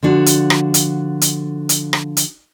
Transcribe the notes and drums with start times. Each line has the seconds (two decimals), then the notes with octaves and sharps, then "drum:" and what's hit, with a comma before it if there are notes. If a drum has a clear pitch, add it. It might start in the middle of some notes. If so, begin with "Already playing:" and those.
0.03 D3 F3 D4 F#4
0.26 drum: hi-hat
0.50 drum: rim click
0.74 drum: hi-hat
1.21 drum: hi-hat
1.69 drum: hi-hat
1.93 drum: rim click
2.17 drum: hi-hat